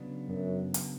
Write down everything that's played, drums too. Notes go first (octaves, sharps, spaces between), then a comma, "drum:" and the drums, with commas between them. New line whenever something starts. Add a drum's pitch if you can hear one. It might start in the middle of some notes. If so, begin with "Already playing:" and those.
Already playing: C#3 F#3 B3 D4
F#2
drum: hi-hat